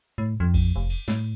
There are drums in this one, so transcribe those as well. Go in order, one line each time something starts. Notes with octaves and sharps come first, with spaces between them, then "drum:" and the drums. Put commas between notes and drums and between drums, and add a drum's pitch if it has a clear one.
A2
F2
drum: kick A1, cymbal
F1
drum: cymbal
A2, drum: snare